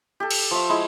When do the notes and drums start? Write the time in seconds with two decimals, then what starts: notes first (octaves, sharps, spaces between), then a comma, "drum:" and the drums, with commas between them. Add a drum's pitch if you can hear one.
0.20 G4 A4
0.31 drum: cymbal
0.51 F3 E5 C#6
0.69 G#3 E4